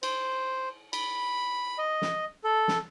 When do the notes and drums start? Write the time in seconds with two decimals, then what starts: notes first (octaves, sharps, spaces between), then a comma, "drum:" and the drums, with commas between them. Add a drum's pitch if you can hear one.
0.03 C5, drum: cymbal
0.93 B5, drum: cymbal
1.78 D#5
2.02 drum: snare
2.44 A4
2.68 drum: snare